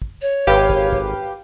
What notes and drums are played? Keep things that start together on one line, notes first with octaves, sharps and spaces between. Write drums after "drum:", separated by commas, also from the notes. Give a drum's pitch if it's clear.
drum: kick
C#5
G#1 G4 B4 F5
drum: kick
drum: kick